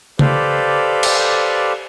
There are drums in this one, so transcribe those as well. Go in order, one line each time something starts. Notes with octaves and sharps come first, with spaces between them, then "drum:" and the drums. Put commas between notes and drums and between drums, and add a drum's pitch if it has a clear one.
G4 A4 B4 C5 D5 F5, drum: tom C#3
drum: cymbal